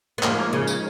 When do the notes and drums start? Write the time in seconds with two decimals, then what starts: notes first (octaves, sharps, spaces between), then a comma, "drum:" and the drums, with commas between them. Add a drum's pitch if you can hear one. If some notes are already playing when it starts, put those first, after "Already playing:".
0.18 B3
0.23 F3 G#3 A#3 D#4 A#4 C#5, drum: clap
0.53 C#3
0.67 drum: tambourine